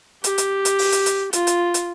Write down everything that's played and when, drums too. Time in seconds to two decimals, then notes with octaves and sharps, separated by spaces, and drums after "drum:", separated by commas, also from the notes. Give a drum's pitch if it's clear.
0.24 G4, drum: hi-hat
0.38 drum: hi-hat
0.65 drum: hi-hat
0.79 drum: open hi-hat
0.92 drum: hi-hat
1.06 drum: hi-hat
1.33 F4, drum: hi-hat
1.47 drum: hi-hat
1.74 drum: hi-hat